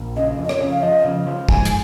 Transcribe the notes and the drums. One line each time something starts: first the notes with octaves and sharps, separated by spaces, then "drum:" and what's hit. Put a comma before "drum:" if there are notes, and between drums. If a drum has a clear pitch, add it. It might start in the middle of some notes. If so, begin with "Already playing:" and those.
Already playing: A#1
C#3 D#5
F2
D#5
C#5, drum: rim click
C#3
F5
F3 D#5
C#3
F3
G#2 G#5, drum: kick
drum: hi-hat